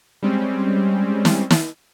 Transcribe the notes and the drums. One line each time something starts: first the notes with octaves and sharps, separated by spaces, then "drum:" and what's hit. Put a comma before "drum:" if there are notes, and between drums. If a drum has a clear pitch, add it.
G3 G#3 C4 C#4
drum: snare
drum: snare